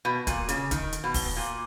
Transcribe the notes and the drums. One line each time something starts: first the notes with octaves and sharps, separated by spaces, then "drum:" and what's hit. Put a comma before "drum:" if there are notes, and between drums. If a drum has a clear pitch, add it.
B2
A#2, drum: kick, hi-hat
C#3, drum: hi-hat
D#3, drum: kick, hi-hat
drum: hi-hat
B2
drum: kick, open hi-hat
A#2